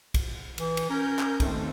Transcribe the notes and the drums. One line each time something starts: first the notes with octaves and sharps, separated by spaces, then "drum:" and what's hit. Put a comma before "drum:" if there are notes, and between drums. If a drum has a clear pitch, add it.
drum: kick B1, cymbal
E3, drum: cymbal
drum: cymbal
C#4 A#4 G6
drum: clap
D#2 A3 C4, drum: kick B1, cymbal